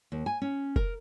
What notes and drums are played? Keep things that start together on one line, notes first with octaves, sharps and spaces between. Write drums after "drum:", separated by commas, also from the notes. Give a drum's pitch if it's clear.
D#2
G#5
C#4
A#4, drum: kick F1